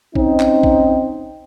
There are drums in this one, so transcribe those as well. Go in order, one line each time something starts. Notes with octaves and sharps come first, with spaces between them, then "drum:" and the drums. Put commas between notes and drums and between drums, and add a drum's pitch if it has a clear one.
C4 C#4 D#4, drum: kick A1
drum: clap
drum: kick A1